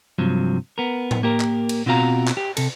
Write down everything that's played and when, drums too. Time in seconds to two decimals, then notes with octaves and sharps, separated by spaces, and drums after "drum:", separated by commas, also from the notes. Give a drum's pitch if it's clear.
0.19 G2 C3 F3 F#3
0.78 B3 A#4
1.11 drum: tom A2
1.23 A#3 G4 A#4
1.40 drum: clap
1.69 drum: cymbal
1.86 B2 C4 F4 F#4 F5 A#5
2.28 drum: clap
2.37 G4
2.57 C3 A4, drum: cymbal